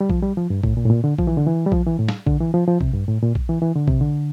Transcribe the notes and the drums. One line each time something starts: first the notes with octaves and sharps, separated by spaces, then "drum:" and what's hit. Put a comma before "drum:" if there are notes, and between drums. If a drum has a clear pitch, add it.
G3
F3, drum: kick A#1
G3
F3
G2
A2, drum: kick A#1
A#2
A2
A#2
D3
F3, drum: kick A#1
E3
D3
E3
G3
F3, drum: kick A#1
E3
A2
drum: snare
D3, drum: kick A#1
E3
F3
F3
C3, drum: kick A#1
G2
A2
A#2
drum: kick A#1
E3
E3
D3
C3, drum: kick A#1
D3